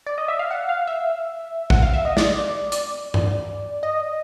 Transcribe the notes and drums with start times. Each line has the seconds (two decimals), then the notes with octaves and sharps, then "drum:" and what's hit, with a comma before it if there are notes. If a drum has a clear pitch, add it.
0.06 D5
0.18 D#5
0.28 E5
0.39 F5
0.51 F#5
0.69 F5
0.87 E5
1.70 F#5, drum: kick
1.82 F5
1.94 E5
2.05 D#5
2.17 D5, drum: snare
2.72 D5, drum: hi-hat
3.14 drum: tom G2
3.83 D#5